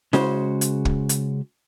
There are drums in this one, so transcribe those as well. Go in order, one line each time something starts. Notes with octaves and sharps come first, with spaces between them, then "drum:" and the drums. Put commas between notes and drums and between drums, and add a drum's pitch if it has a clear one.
C#3 G#3 C#4 F#4 C5, drum: snare E4
drum: hi-hat
drum: kick
drum: hi-hat